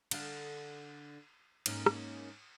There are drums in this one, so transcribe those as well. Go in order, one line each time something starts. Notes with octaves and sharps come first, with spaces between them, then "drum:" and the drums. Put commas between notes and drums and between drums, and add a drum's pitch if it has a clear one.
D3 F5, drum: cymbal
G#2 A#3 C#4, drum: cymbal
drum: rim click